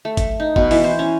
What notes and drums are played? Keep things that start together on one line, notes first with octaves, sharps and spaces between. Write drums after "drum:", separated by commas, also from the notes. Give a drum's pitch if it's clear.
A3
drum: kick G1, hi-hat
D#4
B2, drum: kick G1
E3, drum: open hi-hat
C5
C#4